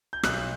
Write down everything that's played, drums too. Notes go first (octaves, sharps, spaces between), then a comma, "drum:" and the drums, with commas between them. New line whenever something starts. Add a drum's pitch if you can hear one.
G6
B1 F#6, drum: rim click